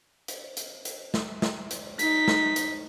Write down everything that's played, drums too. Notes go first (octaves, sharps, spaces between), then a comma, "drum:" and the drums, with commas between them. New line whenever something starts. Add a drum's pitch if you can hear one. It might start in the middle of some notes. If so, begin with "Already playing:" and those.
drum: hi-hat
drum: hi-hat
drum: hi-hat
drum: snare
drum: snare
drum: hi-hat
D#4 B6, drum: hi-hat
drum: snare
drum: hi-hat